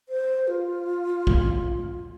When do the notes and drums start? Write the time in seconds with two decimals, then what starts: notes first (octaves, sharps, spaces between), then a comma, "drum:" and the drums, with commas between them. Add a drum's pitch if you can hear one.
0.09 C5
0.48 F4
1.27 drum: kick A#1